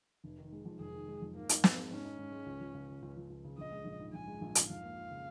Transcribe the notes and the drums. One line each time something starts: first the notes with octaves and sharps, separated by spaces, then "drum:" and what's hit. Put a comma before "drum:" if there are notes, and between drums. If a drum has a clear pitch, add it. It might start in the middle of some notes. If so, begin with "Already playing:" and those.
F1
D#3
G#3
F2
F1 G#4
D#3
G#3
F2
G#2 A#3
D#4, drum: hi-hat
G#2, drum: snare
G#3
G#2 C#4
D#4
G#2
G#3
C#2
F3
C#2
C#3
C#2
F3
C#2
C#3
A#1 D#5
G#3
A#1
G#2
A#1 G#5
G#3
A#1
G#2, drum: hi-hat
F2 F5
A#3
F4
C#3